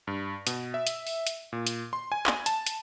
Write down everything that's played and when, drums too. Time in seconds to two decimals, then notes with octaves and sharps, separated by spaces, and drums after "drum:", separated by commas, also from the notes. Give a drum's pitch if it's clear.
0.07 G2
0.47 B2, drum: hi-hat
0.74 E5
0.87 drum: hi-hat
1.07 drum: open hi-hat
1.27 drum: hi-hat
1.53 A#2
1.67 drum: hi-hat
1.93 C6
2.12 G#5
2.26 drum: clap
2.46 A5, drum: hi-hat
2.66 drum: hi-hat